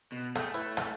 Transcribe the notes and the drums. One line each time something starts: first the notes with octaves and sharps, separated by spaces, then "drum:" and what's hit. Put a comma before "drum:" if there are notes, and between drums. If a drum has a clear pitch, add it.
B2
A3 G#4 G5, drum: rim click
E4 B4 C#5
drum: rim click